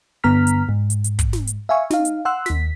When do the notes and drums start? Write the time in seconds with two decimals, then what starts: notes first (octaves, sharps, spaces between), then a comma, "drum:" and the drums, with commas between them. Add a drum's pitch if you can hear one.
0.24 G2 D3 B3 A#5 F6 B6
0.47 drum: hi-hat
0.69 G#2
0.90 drum: hi-hat
1.04 drum: hi-hat
1.19 drum: kick, hi-hat
1.33 drum: snare
1.47 drum: hi-hat
1.69 E5 F5 G#5 C#6
1.91 D#4 F5, drum: snare
2.05 drum: hi-hat
2.25 F#5 C6 E6 F#6
2.46 D#2 B6, drum: snare